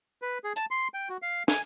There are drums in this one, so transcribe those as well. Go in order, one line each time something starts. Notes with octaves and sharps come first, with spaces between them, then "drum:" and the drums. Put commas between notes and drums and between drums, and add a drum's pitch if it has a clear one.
B4
G#4
A5, drum: hi-hat
C6
G5
F#4
F5
G#5, drum: snare